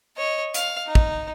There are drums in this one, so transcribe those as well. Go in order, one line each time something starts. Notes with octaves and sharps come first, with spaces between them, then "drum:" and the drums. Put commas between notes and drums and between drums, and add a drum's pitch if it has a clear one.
C#5 D#5
F5, drum: hi-hat
D#4
drum: kick